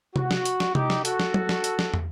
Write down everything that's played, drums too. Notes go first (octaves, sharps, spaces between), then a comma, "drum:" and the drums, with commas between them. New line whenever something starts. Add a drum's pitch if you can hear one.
F#4, drum: tom C3
drum: snare
drum: hi-hat
drum: snare
D#4 G4, drum: tom C3
drum: snare
F#4 A4, drum: hi-hat
drum: snare
drum: tom F#3
drum: snare
drum: hi-hat
drum: snare
drum: tom